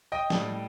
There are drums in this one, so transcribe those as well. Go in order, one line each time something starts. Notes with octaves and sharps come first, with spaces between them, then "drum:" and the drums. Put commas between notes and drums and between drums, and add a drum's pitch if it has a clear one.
D#5 G5
A2 G3, drum: snare